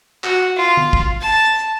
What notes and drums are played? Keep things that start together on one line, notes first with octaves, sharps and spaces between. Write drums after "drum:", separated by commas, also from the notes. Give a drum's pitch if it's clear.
F#4, drum: clap
F4
drum: tom D3
drum: kick
A5